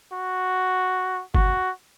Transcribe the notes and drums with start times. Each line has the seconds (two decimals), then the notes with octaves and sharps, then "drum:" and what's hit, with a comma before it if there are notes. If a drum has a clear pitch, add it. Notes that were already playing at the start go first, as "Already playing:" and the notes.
0.13 F#4
1.35 F#4, drum: kick G1